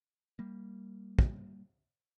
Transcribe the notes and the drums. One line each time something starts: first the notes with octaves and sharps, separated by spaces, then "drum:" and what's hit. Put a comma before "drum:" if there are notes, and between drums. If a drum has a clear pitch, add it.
G3 A#3
drum: kick